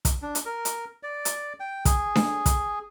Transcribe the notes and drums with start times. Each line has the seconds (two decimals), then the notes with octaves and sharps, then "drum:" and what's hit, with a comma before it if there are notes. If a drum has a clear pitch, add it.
0.05 drum: kick, hi-hat
0.22 D4
0.35 drum: hi-hat
0.46 A#4
0.65 drum: hi-hat
1.03 D5
1.25 drum: hi-hat
1.60 G5
1.85 G#4, drum: kick, hi-hat
2.15 drum: snare D4
2.46 drum: kick, hi-hat